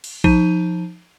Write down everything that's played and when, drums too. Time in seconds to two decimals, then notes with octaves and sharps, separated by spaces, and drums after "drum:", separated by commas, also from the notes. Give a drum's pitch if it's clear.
0.04 drum: cymbal
0.24 F3 D#4 D#7, drum: kick A#1